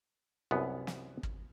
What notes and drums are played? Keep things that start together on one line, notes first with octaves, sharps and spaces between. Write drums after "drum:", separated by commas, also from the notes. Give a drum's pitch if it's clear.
C2 F#2 B3
drum: snare
drum: kick